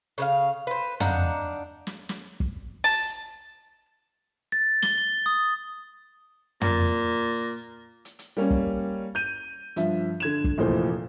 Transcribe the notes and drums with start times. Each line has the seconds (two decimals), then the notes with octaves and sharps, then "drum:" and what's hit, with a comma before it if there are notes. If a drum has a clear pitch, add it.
0.18 C#3 B4 F5
0.67 B4 C5
1.00 D4 D#4 F5 F#5, drum: tom
1.87 drum: snare
2.09 drum: snare
2.40 drum: kick
2.84 A5, drum: open hi-hat
4.52 A6
4.83 G7, drum: snare
4.98 G7
5.26 D#6
6.61 A#2, drum: tom
8.05 drum: hi-hat
8.19 drum: hi-hat
8.37 G3 A#3 C#4
8.50 drum: kick
9.15 G6 D#7
9.76 G2 F3 E5, drum: hi-hat
10.20 D3 G#6 E7
10.44 drum: kick
10.58 F1 E2 A#2 A3 C5